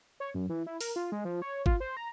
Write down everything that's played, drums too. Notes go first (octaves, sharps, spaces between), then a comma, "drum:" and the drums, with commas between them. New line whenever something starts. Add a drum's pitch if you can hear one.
C#5
F#2
E3
E4
A#4, drum: open hi-hat
F4
G#3
F3
C#5
F4, drum: kick
C5
A#5